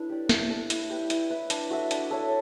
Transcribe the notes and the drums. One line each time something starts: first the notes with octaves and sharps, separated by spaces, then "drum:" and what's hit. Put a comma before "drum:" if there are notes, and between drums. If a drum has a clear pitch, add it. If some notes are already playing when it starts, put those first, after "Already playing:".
Already playing: D4 E4 A4 B4
G4 D5
A3, drum: snare
D4 A4
E4, drum: hi-hat
G4 B4
E4, drum: hi-hat
B4 E5
D4, drum: hi-hat
F#4 A4 E5
D4, drum: hi-hat
A4 C#5 E5